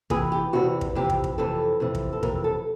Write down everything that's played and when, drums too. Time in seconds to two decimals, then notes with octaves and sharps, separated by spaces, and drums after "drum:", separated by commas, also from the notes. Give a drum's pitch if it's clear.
0.10 E2 C3 E3 G#4, drum: kick
0.32 G4
0.53 E2 C3 E3 F#4
0.81 drum: kick
0.95 F2 C3 E3 G4
1.10 drum: kick
1.24 drum: kick
1.38 F2 C3 E3 A4
1.80 F2 C3 E3
1.95 drum: kick
2.13 A4
2.23 F2 C3 E3 A#4, drum: kick
2.44 A4